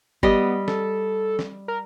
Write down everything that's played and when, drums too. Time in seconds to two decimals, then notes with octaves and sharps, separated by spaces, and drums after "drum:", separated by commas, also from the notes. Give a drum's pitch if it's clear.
0.23 G3 B3 D#5, drum: kick G1
0.68 A4, drum: snare
1.39 drum: snare
1.68 A#4